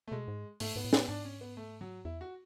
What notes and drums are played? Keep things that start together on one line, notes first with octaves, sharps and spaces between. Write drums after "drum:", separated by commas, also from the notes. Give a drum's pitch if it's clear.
A3
B2 G#3
G#2
G#2 A3, drum: open hi-hat
G#2 B3
A2
B3, drum: snare
G#2 D4
C#4
B3
A3
F#3
E2 E4
F#4